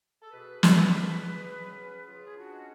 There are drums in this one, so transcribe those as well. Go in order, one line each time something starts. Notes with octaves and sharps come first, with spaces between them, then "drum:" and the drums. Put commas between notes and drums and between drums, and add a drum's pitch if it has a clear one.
A4
B2 G#4 B4
drum: snare
A3 C#4
B2
F#3 C#4
C#3 F4 G#4
G#4
D4 F#4
G#3 C#4